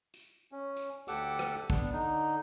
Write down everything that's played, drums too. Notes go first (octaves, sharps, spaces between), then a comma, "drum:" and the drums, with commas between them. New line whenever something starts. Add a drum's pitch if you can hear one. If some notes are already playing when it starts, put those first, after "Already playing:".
drum: tambourine
C#4
drum: tambourine
D2 G4 A4 F#5 D6 E6, drum: tambourine
drum: rim click
B3 D4, drum: kick, tambourine
D3 D#4